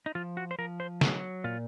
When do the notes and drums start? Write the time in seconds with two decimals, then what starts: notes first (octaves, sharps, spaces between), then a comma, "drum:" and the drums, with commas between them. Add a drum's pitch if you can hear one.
0.06 D#4
0.15 F3 F4
0.37 F#4
0.51 C5
0.59 F3 A#4
0.80 C5
1.01 F#3 G#4, drum: snare
1.44 A#2 F4